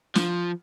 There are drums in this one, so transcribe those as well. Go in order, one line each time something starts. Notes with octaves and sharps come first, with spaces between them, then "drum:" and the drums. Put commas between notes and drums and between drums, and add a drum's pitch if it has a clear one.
F3, drum: snare